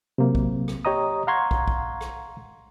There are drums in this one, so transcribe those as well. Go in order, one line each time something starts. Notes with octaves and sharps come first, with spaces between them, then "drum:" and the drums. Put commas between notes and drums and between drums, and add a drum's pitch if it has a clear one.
C3 F#3 A#3
drum: kick
drum: rim click
G4 C#5 D#5 A#5 D#6
F5 F#5 A#5 C6 C#6 G#6
drum: kick
drum: kick
drum: rim click